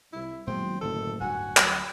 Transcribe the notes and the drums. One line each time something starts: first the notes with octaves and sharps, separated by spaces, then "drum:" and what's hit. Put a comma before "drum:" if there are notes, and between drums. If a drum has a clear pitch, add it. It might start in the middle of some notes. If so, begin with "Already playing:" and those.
C2 E4
C2 A#2 D#3 F#3 G#3 B3 C4
F#1 A2 D3 D#3 A4
D1 G2 F#4 G#5
D2 F#3, drum: clap